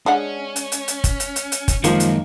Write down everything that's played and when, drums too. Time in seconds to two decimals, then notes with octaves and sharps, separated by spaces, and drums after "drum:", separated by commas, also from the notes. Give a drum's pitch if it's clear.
0.06 G#3 C#4 D4 F#5
0.56 drum: hi-hat
0.72 drum: hi-hat
0.88 drum: hi-hat
1.04 drum: kick F#1, hi-hat
1.20 drum: hi-hat
1.36 drum: hi-hat
1.52 drum: hi-hat
1.68 drum: kick F#1, hi-hat
1.84 F#2 D#3 F3 G#3 A#3, drum: hi-hat
2.00 drum: hi-hat